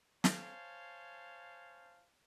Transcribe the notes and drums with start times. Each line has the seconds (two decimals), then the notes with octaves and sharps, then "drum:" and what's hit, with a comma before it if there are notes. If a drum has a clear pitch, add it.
0.24 C5 C#5 F5 G#5 A5, drum: snare